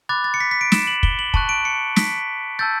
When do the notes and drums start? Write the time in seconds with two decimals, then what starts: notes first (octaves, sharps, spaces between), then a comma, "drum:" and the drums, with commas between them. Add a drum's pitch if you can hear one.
0.09 B5 D6 F#6 A6
0.24 A6
0.34 C#7
0.40 B6
0.51 B6
0.61 D7
0.72 E7, drum: snare
0.87 F#7
1.03 G7, drum: kick
1.19 F#7
1.34 A5 C#6 F#6, drum: kick
1.49 D7
1.65 C#7
1.96 B6, drum: snare
2.59 A5 E6 G6 A6